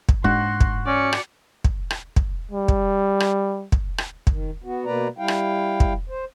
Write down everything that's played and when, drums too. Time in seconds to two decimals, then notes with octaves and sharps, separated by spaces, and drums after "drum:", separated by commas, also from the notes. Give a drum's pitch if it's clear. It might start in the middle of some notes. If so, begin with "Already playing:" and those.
0.09 drum: kick
0.24 G#2 G#3 D4 F#4 C6
0.61 drum: kick
0.87 C#4 D5 C#7
1.13 drum: rim click
1.64 drum: kick
1.90 drum: rim click
2.16 drum: kick
2.51 G3
2.68 drum: kick
3.20 drum: rim click
3.72 drum: kick
3.98 drum: rim click
4.27 D#3, drum: kick
4.64 B3 F#4
4.85 B2 A#3 B4 D5 A#5
5.18 G3 E4 F5 G5
5.28 drum: rim click
5.80 drum: kick
6.09 C5